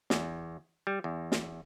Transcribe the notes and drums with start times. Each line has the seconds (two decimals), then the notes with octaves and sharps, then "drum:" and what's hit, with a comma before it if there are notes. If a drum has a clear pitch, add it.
0.10 E2, drum: snare
0.87 G3
1.04 E2
1.32 drum: snare